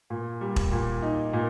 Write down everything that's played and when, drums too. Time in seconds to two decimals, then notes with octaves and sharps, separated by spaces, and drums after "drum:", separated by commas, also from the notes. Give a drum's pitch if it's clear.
0.10 A#2
0.41 G3
0.56 drum: kick E1
0.72 A#2
1.02 D#4
1.33 A#2